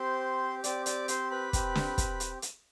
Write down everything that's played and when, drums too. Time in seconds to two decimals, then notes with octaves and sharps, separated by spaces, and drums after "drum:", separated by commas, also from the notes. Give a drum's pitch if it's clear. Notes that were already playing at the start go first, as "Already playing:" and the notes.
Already playing: C4 G4 C5 C6
0.64 C4 G4 D5 D6, drum: hi-hat
0.86 D5 D6, drum: hi-hat
1.08 C5 C6, drum: hi-hat
1.31 B4 B5
1.53 C4 G4, drum: kick, hi-hat
1.75 drum: snare
1.98 drum: kick, hi-hat
2.20 drum: hi-hat
2.42 drum: hi-hat